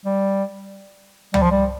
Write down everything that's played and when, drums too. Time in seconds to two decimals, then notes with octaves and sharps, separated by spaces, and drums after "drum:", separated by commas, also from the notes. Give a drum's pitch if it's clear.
0.06 G3
1.34 G3, drum: tom
1.42 F3
1.51 G3